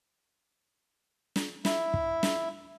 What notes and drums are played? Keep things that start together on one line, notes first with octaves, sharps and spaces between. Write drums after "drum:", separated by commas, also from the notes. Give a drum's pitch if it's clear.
drum: snare
E4, drum: snare
drum: kick
drum: snare